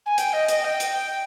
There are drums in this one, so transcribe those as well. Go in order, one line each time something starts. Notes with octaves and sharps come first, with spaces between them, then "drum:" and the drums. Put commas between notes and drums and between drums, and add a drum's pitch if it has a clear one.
G#5
G5, drum: hi-hat
D#5
D#5, drum: hi-hat
G5
drum: hi-hat